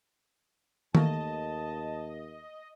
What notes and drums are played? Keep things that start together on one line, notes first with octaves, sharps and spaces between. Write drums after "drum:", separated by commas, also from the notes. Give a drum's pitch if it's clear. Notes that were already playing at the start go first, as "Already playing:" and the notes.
D#2 A3 A#3 D#5 A5, drum: tom D#3